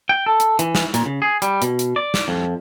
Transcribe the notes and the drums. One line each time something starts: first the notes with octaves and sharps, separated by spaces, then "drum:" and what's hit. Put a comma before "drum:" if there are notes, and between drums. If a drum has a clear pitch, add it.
G5
A4
drum: hi-hat
E3, drum: hi-hat
drum: snare
A#2, drum: hi-hat
C#3
G#4
G3, drum: hi-hat
B2, drum: hi-hat
drum: hi-hat
D5
drum: snare
F2